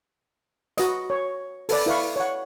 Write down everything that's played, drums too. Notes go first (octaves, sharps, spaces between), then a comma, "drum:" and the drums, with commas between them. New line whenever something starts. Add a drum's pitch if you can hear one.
F#4 B4 D#5, drum: hi-hat
C#5
A4 B4 D5, drum: open hi-hat
E4 B4 F5 C#6
C#5 F#5